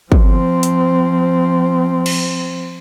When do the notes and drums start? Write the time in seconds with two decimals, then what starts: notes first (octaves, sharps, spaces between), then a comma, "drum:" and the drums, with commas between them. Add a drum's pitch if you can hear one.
0.12 F3 C4, drum: kick
0.63 drum: hi-hat
2.06 drum: cymbal